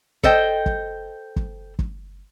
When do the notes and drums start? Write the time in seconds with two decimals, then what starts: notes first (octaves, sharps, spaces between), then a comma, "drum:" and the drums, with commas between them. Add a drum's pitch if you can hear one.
0.23 A4 C5 D#5 G5, drum: kick
0.66 drum: kick
1.36 drum: kick
1.79 drum: kick